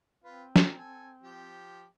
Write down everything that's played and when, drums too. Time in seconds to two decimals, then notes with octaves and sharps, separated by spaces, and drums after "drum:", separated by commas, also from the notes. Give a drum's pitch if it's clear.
0.24 C4 F4 B4
0.56 A#4, drum: snare
0.77 A4 G#5
1.23 F3 G4